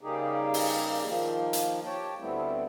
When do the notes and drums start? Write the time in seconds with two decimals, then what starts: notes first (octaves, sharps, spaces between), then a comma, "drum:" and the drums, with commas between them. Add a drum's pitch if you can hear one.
0.01 C#3 G3 A#3 D#4 G4 G#4
0.54 drum: open hi-hat
1.05 D#3 F3 A#3
1.53 drum: hi-hat
1.86 G4 C#5 G5 A5
2.20 D2 G3 A3 B3 C4 E4